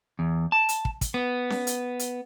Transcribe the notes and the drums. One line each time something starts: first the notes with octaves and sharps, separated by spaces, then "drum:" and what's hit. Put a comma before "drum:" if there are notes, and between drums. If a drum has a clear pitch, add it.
E2
A5
drum: hi-hat
drum: kick
drum: kick, hi-hat
B3
drum: snare C#4
drum: hi-hat
drum: hi-hat